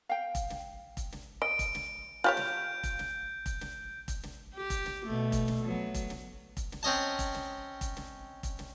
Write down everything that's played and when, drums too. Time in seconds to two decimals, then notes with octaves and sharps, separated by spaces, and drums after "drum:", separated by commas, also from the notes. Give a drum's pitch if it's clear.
0.09 F5 G5
0.35 drum: kick F1, hi-hat
0.50 drum: snare
0.97 drum: kick F1, hi-hat
1.12 drum: snare
1.42 D#5 D7
1.59 drum: kick F1, hi-hat
1.75 drum: snare
2.24 F4 G4 C#5 G6
2.37 drum: snare
2.83 drum: kick F1, hi-hat
2.99 drum: snare
3.46 drum: kick F1, hi-hat
3.61 drum: snare
4.08 drum: kick F1, hi-hat
4.23 drum: snare
4.55 G4
4.70 drum: kick F1, hi-hat
4.86 drum: snare
5.06 B2 A3
5.32 drum: kick F1, hi-hat
5.48 drum: snare
5.63 F#3 B3
5.94 drum: kick F1, hi-hat
6.10 drum: snare
6.57 drum: kick F1, hi-hat
6.72 drum: snare
6.83 C4 C#4 D#5 A5
7.19 drum: kick F1, hi-hat
7.34 drum: snare
7.81 drum: kick F1, hi-hat
7.97 drum: snare
8.43 drum: kick F1, hi-hat
8.59 drum: snare